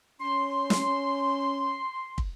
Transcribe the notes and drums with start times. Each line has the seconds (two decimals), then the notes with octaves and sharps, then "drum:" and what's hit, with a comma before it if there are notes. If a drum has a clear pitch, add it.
0.21 C#4 C6
0.70 drum: snare
2.18 drum: kick